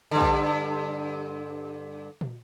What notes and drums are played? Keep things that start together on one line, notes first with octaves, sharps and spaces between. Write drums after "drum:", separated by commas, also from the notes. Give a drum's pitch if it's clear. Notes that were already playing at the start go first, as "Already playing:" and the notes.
G2 D3
drum: kick A#1
drum: tom